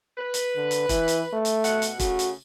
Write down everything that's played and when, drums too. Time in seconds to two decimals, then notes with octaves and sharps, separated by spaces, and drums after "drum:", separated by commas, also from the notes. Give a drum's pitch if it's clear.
0.18 B4
0.34 drum: hi-hat
0.56 D3
0.71 drum: hi-hat
0.89 E3, drum: kick E1, hi-hat
1.08 drum: hi-hat
1.33 A3
1.45 drum: hi-hat
1.64 B2 F#5, drum: hi-hat
1.82 drum: hi-hat
1.99 C#3 A3 F#4, drum: kick E1, hi-hat
2.19 drum: hi-hat